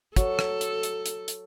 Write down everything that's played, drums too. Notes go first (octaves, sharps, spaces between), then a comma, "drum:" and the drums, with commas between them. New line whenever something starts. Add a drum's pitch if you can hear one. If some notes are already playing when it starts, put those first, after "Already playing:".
F#3 A4, drum: kick, hi-hat
drum: rim click
drum: hi-hat
drum: hi-hat
drum: hi-hat
drum: hi-hat